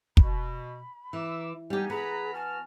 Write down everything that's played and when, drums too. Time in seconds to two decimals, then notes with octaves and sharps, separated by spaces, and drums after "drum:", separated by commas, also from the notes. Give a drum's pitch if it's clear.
0.17 B2 B5, drum: kick
1.13 E3 E5 D6 E6
1.70 G3 B3 D#4 G4 G#5
1.90 B3 G#4 F#5 A#5 B5
2.34 F#4 G#5 A5 F6